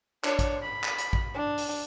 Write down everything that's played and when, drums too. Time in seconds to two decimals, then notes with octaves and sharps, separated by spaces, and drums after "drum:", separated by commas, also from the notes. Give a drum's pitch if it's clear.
0.24 D4 C#5, drum: clap
0.39 drum: kick A1, hi-hat
0.62 B5
0.83 drum: clap
0.98 drum: hi-hat
1.13 drum: kick A1
1.34 D4
1.58 drum: open hi-hat